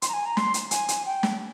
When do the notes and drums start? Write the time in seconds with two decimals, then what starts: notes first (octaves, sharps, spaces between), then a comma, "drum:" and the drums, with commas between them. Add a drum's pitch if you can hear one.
0.02 C6, drum: hi-hat
0.09 A#5
0.13 G#5
0.26 A#5
0.37 C6, drum: snare
0.54 drum: hi-hat
0.71 G#5, drum: hi-hat
0.88 drum: hi-hat
1.05 G5
1.23 drum: snare